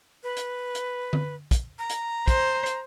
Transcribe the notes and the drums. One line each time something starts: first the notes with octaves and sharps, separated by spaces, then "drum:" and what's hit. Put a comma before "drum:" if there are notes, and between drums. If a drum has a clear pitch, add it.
B4
drum: hi-hat
drum: hi-hat
drum: tom D3
drum: kick, hi-hat
A#5
drum: hi-hat
C5, drum: kick, hi-hat
drum: hi-hat